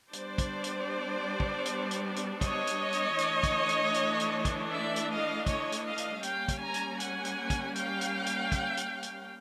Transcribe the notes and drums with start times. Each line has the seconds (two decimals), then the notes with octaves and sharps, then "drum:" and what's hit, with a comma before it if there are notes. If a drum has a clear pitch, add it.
0.13 G3 B3 D4 C5 D5, drum: hi-hat
0.38 drum: kick, hi-hat
0.64 drum: hi-hat
1.40 drum: kick
1.65 drum: hi-hat
1.91 drum: hi-hat
2.16 drum: hi-hat
2.41 C#5 D#5, drum: kick, hi-hat
2.67 drum: hi-hat
2.93 drum: hi-hat
3.18 E3 A3 D4, drum: hi-hat
3.43 drum: kick, hi-hat
3.69 drum: hi-hat
3.94 drum: hi-hat
4.20 drum: hi-hat
4.45 drum: kick, hi-hat
4.70 D5 E5
4.96 drum: hi-hat
5.09 D#5 F5
5.46 C#5 D#5, drum: kick, hi-hat
5.72 drum: hi-hat
5.85 D#5 F5
5.98 drum: hi-hat
6.23 G3 A#3 C#4 F5 G5, drum: hi-hat
6.48 drum: kick, hi-hat
6.61 G#5 A#5
6.74 drum: hi-hat
7.00 F#5 G#5, drum: hi-hat
7.25 drum: hi-hat
7.50 drum: kick, hi-hat
7.76 F5 G5, drum: hi-hat
8.01 drum: hi-hat
8.26 drum: hi-hat
8.52 drum: kick, hi-hat
8.77 drum: hi-hat
9.03 drum: hi-hat